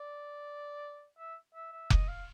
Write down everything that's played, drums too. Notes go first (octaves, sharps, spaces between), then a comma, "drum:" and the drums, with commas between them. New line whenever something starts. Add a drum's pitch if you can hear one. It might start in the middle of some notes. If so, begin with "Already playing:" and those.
Already playing: D5
E5
E5
E5
D#5, drum: kick F1
F5